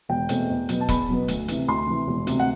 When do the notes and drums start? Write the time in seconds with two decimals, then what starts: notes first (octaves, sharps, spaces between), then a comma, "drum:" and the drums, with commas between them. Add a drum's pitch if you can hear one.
0.09 E1 G5
0.29 E2 B2 A3 C4, drum: hi-hat
0.50 E2
0.69 B2 F#3 B3, drum: hi-hat
0.81 A5
0.89 E2 B5, drum: kick E1, hi-hat
1.09 B2 F#3 B3
1.28 D2, drum: hi-hat
1.48 C3 E3, drum: hi-hat
1.68 D2 C6
1.87 C3 E3
2.07 E1
2.27 D2 C3, drum: hi-hat
2.40 F#5